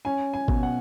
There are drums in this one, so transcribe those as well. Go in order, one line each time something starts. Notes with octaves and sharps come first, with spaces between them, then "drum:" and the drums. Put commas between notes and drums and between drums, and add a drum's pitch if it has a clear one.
C#4 G#5
G#5
B2, drum: kick G#1
F#5